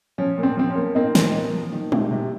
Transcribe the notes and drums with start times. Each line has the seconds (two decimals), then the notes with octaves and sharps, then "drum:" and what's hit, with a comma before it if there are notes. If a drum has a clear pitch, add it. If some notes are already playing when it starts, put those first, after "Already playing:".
0.18 F3 C#4
0.38 A#2
0.43 C4
0.57 F3 C4
0.70 C#4
0.76 A#3
0.95 A#3 C4 D#4
1.15 A#2, drum: snare
1.34 A#3
1.53 F3
1.72 D#3
1.92 C3, drum: tom G3
2.11 C3